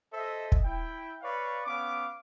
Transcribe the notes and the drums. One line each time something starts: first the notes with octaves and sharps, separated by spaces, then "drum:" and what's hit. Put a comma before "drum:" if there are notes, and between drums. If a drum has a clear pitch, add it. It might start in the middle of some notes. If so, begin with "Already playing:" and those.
A4 C5 D#5 E5
drum: kick
E4 G5
B4 C#5 D5 F5 C#6
B3 C#4 F5 D6